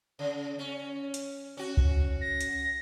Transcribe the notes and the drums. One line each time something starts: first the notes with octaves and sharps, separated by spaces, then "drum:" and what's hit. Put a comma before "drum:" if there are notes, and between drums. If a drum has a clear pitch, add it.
C#3
C#4
drum: hi-hat
C#4 F#4
drum: kick C#2
A#6
drum: hi-hat